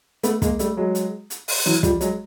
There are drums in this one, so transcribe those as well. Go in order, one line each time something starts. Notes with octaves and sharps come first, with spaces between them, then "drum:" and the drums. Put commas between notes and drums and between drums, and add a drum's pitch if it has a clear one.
A3 B3, drum: hi-hat
G#3 A#3, drum: kick, hi-hat
G3 A3, drum: hi-hat
F#3 G#3
drum: hi-hat
drum: hi-hat
drum: open hi-hat
E3 F#3, drum: hi-hat
F3 G3, drum: kick, hi-hat
F#3 G#3, drum: hi-hat